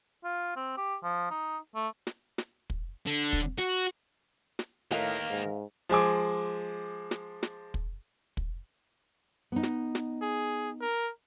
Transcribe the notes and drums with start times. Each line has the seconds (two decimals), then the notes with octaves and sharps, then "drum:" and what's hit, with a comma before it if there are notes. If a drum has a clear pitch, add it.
0.24 F4
0.56 C4
0.77 G4
1.03 F3
1.31 D#4
1.75 A3
2.07 drum: snare
2.38 drum: snare
2.70 drum: kick
3.06 D3
3.33 drum: kick
3.58 F#4
4.59 drum: snare
4.91 A2 D#3 A#3 A#4 B4 D#5 F5, drum: snare
5.30 G#2
5.89 F3 G#3 G#5 D6
7.11 drum: snare
7.43 drum: snare
7.74 drum: kick
8.37 drum: kick
9.52 B3 D#4
9.63 drum: snare
9.95 drum: snare
10.22 G#4
10.81 A#4